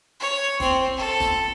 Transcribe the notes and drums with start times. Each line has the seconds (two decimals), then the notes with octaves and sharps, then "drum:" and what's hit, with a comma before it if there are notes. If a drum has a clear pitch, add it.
0.20 C#5
0.60 C4, drum: snare
0.97 A4
1.20 drum: snare